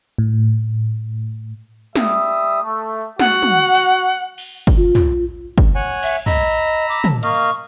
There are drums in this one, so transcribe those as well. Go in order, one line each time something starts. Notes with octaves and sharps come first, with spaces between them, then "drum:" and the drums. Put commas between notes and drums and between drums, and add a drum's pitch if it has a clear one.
A2
G3 E5 D#6, drum: snare
A3
F#4 F#5, drum: snare
drum: tom
drum: open hi-hat
drum: cymbal
drum: kick
F4
drum: tom
drum: kick
C#5 F#5 G#5
E5, drum: cymbal
D#5 A#5 B5 E6, drum: tom
D6
A5, drum: tom
A#3 D#5 F5 C#6, drum: hi-hat